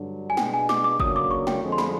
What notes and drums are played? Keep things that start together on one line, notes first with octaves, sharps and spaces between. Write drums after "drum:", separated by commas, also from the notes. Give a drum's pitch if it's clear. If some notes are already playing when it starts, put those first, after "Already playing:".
Already playing: G2 D3 F#3
G#5
B2 G#3 B3 D4 G5, drum: snare
G#5
D6, drum: snare
D6
C#2 C#3 F#3 A#3 D4 D#6, drum: kick
D6
C#6
G5, drum: snare
F2 D3 F3 G#3
C6
B5, drum: snare